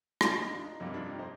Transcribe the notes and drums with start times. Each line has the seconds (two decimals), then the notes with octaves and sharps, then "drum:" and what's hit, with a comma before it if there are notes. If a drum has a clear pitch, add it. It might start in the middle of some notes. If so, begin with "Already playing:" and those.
0.21 F4 G#4, drum: rim click
0.36 D#4
0.50 D4 F4
0.65 D#4
0.80 G1 F2 C3 G3 A#3 D#4
0.94 D4 F4
1.09 D#4 G4
1.19 C5 D#5